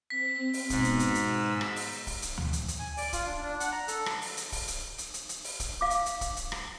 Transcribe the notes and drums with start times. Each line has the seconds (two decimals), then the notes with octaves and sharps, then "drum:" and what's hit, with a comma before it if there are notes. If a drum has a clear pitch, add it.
0.10 C4 B6
0.53 drum: open hi-hat
0.70 G#2 B2, drum: kick, hi-hat
0.84 drum: hi-hat
0.99 drum: hi-hat
1.15 drum: hi-hat
1.24 E6
1.61 drum: rim click
1.76 drum: open hi-hat
2.07 drum: kick, open hi-hat
2.22 drum: hi-hat
2.38 drum: tom D2
2.53 drum: hi-hat
2.68 drum: hi-hat
2.79 G#5
2.97 D5, drum: open hi-hat
3.13 F4, drum: kick, hi-hat
3.26 D4
3.41 D4
3.60 F#5, drum: hi-hat
3.72 A#5
3.88 A4, drum: hi-hat
4.06 drum: rim click
4.22 drum: open hi-hat
4.37 drum: hi-hat
4.52 drum: kick, open hi-hat
4.68 drum: hi-hat
4.98 drum: hi-hat
5.14 drum: hi-hat
5.29 drum: hi-hat
5.44 drum: open hi-hat
5.60 drum: kick, hi-hat
5.81 F5 D6
5.90 drum: hi-hat
6.06 drum: hi-hat
6.21 drum: kick, hi-hat
6.36 drum: hi-hat
6.52 drum: rim click